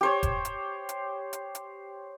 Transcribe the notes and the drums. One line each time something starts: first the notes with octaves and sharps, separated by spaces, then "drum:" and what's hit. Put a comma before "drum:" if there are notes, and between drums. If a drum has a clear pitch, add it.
G4 C5 C#5
drum: kick E1, hi-hat
drum: hi-hat
drum: hi-hat
drum: hi-hat
drum: hi-hat